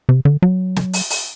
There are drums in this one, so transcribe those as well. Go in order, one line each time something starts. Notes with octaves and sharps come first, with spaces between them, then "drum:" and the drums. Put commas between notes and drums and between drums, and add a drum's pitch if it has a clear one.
C3
D3
F#3
drum: snare
drum: open hi-hat
drum: open hi-hat